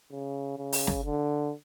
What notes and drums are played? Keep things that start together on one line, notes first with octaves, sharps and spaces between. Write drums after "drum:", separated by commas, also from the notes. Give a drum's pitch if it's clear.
C#3
C#3
drum: open hi-hat
drum: snare
D3